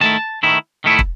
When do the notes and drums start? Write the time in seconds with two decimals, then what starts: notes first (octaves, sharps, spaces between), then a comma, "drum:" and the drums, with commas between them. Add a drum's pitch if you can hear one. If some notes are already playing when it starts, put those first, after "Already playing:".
0.01 D#3 A3 E4 A5
0.43 D#3 A3 E4
0.84 D#3 A3 E4
0.99 drum: kick